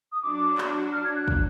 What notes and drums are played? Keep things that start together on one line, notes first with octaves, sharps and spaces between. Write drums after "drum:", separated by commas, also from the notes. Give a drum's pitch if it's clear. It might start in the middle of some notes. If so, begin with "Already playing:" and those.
D#6
F#3 D4 F#4 D6
drum: clap
F6
G#6
F#6
drum: kick